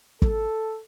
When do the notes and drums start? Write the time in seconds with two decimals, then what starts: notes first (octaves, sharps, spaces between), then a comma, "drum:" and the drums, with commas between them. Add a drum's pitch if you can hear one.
0.22 A4, drum: kick